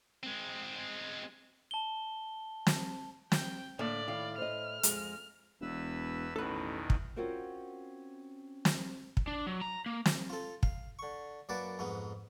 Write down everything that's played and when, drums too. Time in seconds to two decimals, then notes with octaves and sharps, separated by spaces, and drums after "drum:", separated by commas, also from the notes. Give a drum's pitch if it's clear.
0.23 G#3 C4
1.71 A5 G7
2.67 drum: snare
3.32 G5, drum: snare
3.79 A2 D3 A#3 D5
4.08 D#3 E4 F5
4.38 C5 D#5 F6
4.83 F2 G#3, drum: hi-hat
5.61 E1 E2 B4 E6
6.36 A1 E2 B2 D#3 A4 B4
6.90 drum: kick
7.16 C4 C#4 F4 F#4 A#4 C5
8.65 drum: snare
9.17 drum: kick
9.27 D4
9.47 F#3
9.62 A#5
9.86 A#3
10.06 drum: snare
10.30 F4 A4
10.63 F5, drum: kick
10.99 D3 C#6
11.49 F#2 A#3 B4 D5 F#5 A5
11.79 F2 G#2 B3 D#4